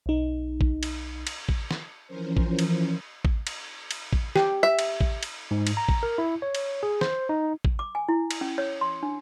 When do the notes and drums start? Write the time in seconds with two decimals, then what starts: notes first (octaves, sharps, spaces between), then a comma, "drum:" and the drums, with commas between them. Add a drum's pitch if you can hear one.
0.06 B1 D#4
0.61 drum: kick A1
0.83 drum: cymbal
1.27 drum: cymbal
1.49 drum: kick A1
1.71 drum: snare
2.07 E3 F3 C#4 A#4 C5
2.37 drum: kick A1
2.59 drum: cymbal
3.25 drum: kick A1
3.47 drum: cymbal
3.91 drum: cymbal
4.13 drum: kick A1
4.36 G4, drum: snare
4.63 E5
4.79 drum: cymbal
5.01 drum: kick A1
5.23 drum: cymbal
5.51 G#2
5.67 drum: cymbal
5.77 A#5
5.89 drum: kick A1
6.03 A#4
6.18 E4
6.42 C#5
6.55 drum: cymbal
6.83 G#4
7.01 C5, drum: snare
7.29 D#4
7.65 drum: kick A1
7.79 D6
7.95 G#5
8.09 E4
8.31 drum: cymbal
8.41 C#4
8.58 C#5
8.81 C6
9.03 D4